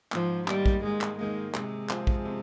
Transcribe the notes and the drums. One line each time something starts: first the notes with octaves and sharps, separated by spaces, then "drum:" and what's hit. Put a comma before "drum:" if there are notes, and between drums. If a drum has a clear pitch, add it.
G#2 F3, drum: clap
D#3 G3 A#3 D#4, drum: clap
drum: kick A#1
G#2 G#3
drum: clap
D#3 G#3 A#3 D#4
C3 G#3, drum: clap
F3 C4 F4 G#4, drum: clap
drum: kick A#1
C3